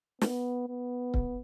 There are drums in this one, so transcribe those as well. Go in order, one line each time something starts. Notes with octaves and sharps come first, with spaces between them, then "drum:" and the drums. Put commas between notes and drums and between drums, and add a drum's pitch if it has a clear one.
B3, drum: snare
B3
drum: kick C#1